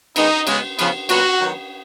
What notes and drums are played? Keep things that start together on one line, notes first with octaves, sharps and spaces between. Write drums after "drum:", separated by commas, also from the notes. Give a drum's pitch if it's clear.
D#3 G#3 B3 D#4, drum: cymbal
C#3 G#3 B3, drum: cymbal
C#3 F3 B3, drum: cymbal
A#2 F#3 B3 F#4, drum: cymbal
D#3 F#3 B3